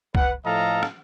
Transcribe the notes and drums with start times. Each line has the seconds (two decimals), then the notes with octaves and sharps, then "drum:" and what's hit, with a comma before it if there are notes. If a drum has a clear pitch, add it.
0.15 B4 F#5, drum: kick
0.44 A2 F3 A4 D#5 F5 A#5
0.83 drum: rim click